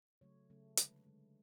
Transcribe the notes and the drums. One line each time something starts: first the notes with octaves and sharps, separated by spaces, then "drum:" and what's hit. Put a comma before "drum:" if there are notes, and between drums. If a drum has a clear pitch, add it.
C#3 F#3 A3 C#5
C#3 F#3 A3
D3 G#3 B4, drum: hi-hat
D3 G#3